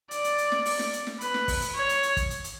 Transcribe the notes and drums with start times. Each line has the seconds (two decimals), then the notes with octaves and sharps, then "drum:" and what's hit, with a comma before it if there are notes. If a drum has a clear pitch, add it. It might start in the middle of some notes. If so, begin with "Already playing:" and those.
0.11 D5, drum: hi-hat
0.24 drum: hi-hat
0.38 drum: hi-hat
0.52 drum: snare
0.65 drum: open hi-hat
0.79 drum: snare
0.93 drum: hi-hat
1.07 drum: snare
1.21 B4, drum: hi-hat
1.34 drum: snare
1.48 drum: kick, open hi-hat
1.62 drum: hi-hat
1.75 C#5
1.89 drum: hi-hat
2.03 drum: hi-hat
2.17 drum: kick, hi-hat
2.30 drum: hi-hat
2.44 drum: hi-hat